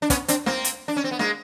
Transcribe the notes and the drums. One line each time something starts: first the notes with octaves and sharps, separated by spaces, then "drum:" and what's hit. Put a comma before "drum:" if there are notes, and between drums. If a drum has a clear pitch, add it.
D4
B3 C#4, drum: kick, hi-hat
C4 D4, drum: hi-hat
A#3 C4, drum: snare
drum: hi-hat
D4
C#4
C4
B3
G#3 A#3, drum: snare